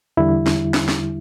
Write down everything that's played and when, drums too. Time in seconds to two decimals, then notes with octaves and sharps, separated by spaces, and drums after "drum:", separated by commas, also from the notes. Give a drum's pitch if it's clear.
0.17 E2 D3 G3 E4
0.46 drum: snare
0.74 drum: snare
0.88 drum: snare